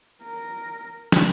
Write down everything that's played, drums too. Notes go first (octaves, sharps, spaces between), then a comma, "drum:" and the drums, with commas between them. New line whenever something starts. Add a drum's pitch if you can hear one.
A#4
drum: snare